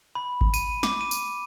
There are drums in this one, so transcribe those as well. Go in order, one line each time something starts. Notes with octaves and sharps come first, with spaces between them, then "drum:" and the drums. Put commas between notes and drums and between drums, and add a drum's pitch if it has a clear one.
B5
drum: kick G#1
D#7, drum: tambourine
D6, drum: snare
D#7
drum: tambourine